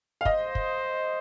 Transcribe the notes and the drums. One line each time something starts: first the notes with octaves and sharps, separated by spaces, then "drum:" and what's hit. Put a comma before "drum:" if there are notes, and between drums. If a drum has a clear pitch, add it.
F5
C5 D#5, drum: kick
drum: kick